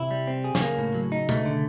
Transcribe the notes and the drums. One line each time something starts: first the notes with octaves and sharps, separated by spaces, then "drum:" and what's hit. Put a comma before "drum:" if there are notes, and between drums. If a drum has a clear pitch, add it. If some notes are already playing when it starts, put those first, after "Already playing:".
Already playing: C3 E4
G3
C4
G#4
C3, drum: snare
C#3 A#3
A2
F#3
D#4
A3, drum: tom B2
D3